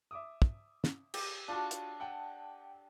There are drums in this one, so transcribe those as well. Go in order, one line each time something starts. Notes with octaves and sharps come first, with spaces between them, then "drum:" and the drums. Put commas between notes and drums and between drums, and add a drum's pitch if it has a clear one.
E5 D6 D#6
drum: kick
drum: snare
G4, drum: cymbal
D4 F4 F#4
drum: hi-hat
F#5 G5 A5